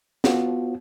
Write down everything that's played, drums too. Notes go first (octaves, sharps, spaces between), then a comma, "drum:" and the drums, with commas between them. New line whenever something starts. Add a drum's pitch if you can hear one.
B3 F4 F#4, drum: snare